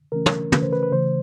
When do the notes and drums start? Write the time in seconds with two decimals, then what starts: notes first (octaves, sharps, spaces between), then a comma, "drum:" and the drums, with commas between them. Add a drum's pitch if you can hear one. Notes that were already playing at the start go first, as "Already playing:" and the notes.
0.12 C#3 E3 A3 C#4 A#4
0.26 drum: tom
0.52 C#3 E3 A3 C#4 B4, drum: tom
0.62 C5
0.73 B4
0.83 B4
0.92 C#3 E3 A3 C5